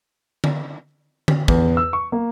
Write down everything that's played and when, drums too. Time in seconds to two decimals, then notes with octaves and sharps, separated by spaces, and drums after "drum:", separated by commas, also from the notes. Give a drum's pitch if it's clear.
0.44 drum: tom D3
1.28 drum: tom D3
1.48 E2, drum: kick
1.77 E6
1.93 C#6
2.12 A#3